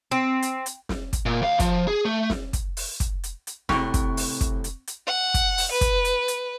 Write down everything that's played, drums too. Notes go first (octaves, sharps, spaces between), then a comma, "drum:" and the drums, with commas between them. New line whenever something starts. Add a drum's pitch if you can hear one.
C4
drum: hi-hat
drum: hi-hat
drum: snare
drum: kick, hi-hat
A#2
D#2 F5
F3, drum: kick, hi-hat
G#4
A3
drum: snare
drum: kick, hi-hat
drum: open hi-hat
drum: kick, hi-hat
drum: hi-hat
drum: hi-hat
A2 C3 C4 C#6 F#6, drum: snare
drum: kick, hi-hat
drum: open hi-hat
drum: kick, hi-hat
drum: hi-hat
drum: hi-hat
F#5
drum: kick, hi-hat
drum: open hi-hat
B4
drum: kick, hi-hat
drum: hi-hat
drum: hi-hat